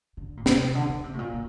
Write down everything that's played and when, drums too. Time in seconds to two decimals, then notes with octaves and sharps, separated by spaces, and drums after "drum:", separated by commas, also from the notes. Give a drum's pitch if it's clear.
0.17 D3
0.37 A#2
0.46 C3, drum: snare
0.75 D3
0.89 D3
1.04 C3
1.14 A2
1.19 A#2
1.33 A#2